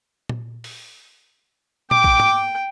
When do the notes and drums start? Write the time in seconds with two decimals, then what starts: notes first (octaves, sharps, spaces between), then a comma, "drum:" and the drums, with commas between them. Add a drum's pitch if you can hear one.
0.29 drum: tom A#2
0.64 drum: open hi-hat
1.91 G5 D6, drum: tom A#2
2.04 drum: kick A#1
2.20 drum: tom